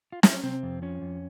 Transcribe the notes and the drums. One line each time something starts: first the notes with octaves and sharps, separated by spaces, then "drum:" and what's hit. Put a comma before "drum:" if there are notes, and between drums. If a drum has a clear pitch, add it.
F4
E4, drum: snare
C#4
C3 C4
F2
F3 C#4
F2